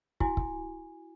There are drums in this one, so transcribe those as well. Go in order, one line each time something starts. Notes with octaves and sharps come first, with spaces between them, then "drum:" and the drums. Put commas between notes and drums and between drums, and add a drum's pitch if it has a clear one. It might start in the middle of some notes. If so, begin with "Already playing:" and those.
E4 F#4 G#5, drum: kick
drum: kick